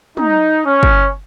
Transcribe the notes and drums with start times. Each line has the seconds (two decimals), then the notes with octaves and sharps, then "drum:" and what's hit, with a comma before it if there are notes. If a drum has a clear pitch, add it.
0.17 D#4, drum: tom
0.65 C#4
0.83 drum: kick